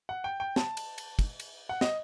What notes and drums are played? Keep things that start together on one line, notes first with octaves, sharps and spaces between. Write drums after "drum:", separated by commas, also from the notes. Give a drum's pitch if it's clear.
F#5
G5
G5
A5, drum: snare
drum: cymbal
drum: cymbal
drum: kick, cymbal
drum: cymbal
F#5
D#5, drum: snare